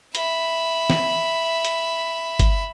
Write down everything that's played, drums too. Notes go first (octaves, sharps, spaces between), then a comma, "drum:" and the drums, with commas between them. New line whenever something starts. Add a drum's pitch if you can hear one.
E5 B5, drum: hi-hat
drum: snare
drum: hi-hat
drum: kick, hi-hat